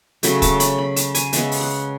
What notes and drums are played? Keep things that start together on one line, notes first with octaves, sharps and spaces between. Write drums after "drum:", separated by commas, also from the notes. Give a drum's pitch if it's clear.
C#3 F#3 A3 B5, drum: hi-hat
A5, drum: kick, hi-hat
B5, drum: hi-hat
B5
A5, drum: hi-hat
G#5, drum: hi-hat
C#3 G#3 B3 E5, drum: hi-hat
drum: open hi-hat
F#5